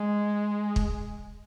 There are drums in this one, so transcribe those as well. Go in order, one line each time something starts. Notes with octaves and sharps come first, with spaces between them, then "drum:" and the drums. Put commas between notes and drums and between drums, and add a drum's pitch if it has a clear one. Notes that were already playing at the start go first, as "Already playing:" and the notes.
Already playing: G#3
drum: kick